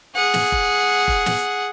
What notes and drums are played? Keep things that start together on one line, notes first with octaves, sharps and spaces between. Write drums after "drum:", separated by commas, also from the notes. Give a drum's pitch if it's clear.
G#4 F#5
drum: snare
drum: kick F1
drum: kick F1
drum: snare